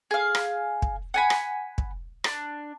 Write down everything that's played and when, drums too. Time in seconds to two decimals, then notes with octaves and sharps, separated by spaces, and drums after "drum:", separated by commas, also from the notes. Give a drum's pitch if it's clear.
0.11 G#4 F5
0.35 drum: rim click
0.82 drum: kick
1.14 F#5 G#5 B5
1.30 drum: rim click
1.78 drum: kick
2.24 D4, drum: rim click